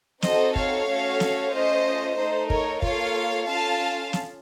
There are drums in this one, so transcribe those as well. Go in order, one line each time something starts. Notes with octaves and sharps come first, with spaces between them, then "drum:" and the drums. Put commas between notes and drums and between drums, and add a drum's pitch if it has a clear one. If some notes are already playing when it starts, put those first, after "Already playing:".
C4 D#4 F#4 A4 C5 D#5, drum: snare
C#5 F5, drum: kick
A3 C#4 F#4 A4
drum: snare
A3 C#4 F4 C5 D#5
A3 D#4 A4 C5
A#4 C#5, drum: kick
A#3 F4 A4 C#5 F5, drum: kick
C#4 F4 A4 F5 A5
drum: snare